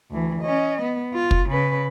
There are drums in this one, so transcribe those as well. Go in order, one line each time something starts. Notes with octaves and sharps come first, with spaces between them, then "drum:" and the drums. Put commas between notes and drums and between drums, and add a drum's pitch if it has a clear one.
D2 E3
C#4 D#5
B3
F4
drum: kick
C#3 B4